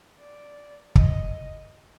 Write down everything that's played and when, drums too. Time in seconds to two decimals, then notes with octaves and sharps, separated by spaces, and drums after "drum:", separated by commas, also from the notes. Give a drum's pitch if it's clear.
0.20 D5
0.95 D#5, drum: kick